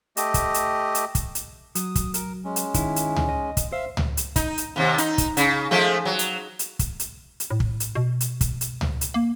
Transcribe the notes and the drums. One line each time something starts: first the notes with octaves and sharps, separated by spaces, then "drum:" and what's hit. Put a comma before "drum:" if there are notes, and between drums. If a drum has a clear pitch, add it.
A3 G4 D#5, drum: hi-hat
drum: kick, hi-hat
drum: hi-hat
drum: hi-hat
drum: kick, hi-hat
drum: hi-hat
F#3 D#6, drum: hi-hat
drum: kick, hi-hat
A#4, drum: hi-hat
G#3 C#4
drum: hi-hat
D#3 E4, drum: kick, hi-hat
drum: hi-hat
drum: tom C#2
D#5
drum: kick, hi-hat
C5 E5 F5 E6
drum: tom C#2
drum: hi-hat
D#4, drum: kick, hi-hat
drum: hi-hat
D#2 C3
D#4, drum: hi-hat
drum: kick, hi-hat
C#3, drum: hi-hat
F3 G#3 A3
F#3
drum: hi-hat
drum: hi-hat
drum: kick, hi-hat
drum: hi-hat
drum: hi-hat
A2
drum: kick
drum: hi-hat
B2
drum: hi-hat
drum: kick, hi-hat
drum: hi-hat
drum: tom C#2
drum: hi-hat
A#3